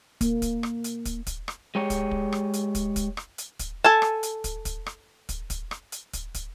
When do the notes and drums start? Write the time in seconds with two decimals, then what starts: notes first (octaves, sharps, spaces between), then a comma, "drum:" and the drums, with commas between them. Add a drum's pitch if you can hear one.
0.21 A#3, drum: kick, hi-hat
0.42 drum: kick, hi-hat
0.63 drum: rim click
0.84 drum: hi-hat
1.05 drum: kick, hi-hat
1.27 drum: kick, hi-hat
1.48 drum: rim click
1.75 G#3 G4 C#5
1.90 drum: kick, hi-hat
2.11 drum: kick
2.32 drum: rim click
2.54 drum: hi-hat
2.75 drum: kick, hi-hat
2.96 drum: kick, hi-hat
3.17 drum: rim click
3.38 drum: hi-hat
3.59 drum: kick, hi-hat
3.84 A4 G#5 A5
4.02 drum: rim click
4.23 drum: hi-hat
4.44 drum: kick, hi-hat
4.65 drum: kick, hi-hat
4.86 drum: rim click
5.29 drum: kick, hi-hat
5.50 drum: kick, hi-hat
5.71 drum: rim click
5.92 drum: hi-hat
6.13 drum: kick, hi-hat
6.35 drum: kick, hi-hat